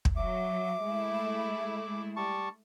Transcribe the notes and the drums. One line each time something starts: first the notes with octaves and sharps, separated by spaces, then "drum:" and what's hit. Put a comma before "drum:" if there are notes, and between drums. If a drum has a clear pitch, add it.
drum: kick
F#3 E5 D6
G#3 A3 E4
G3 A5 C#6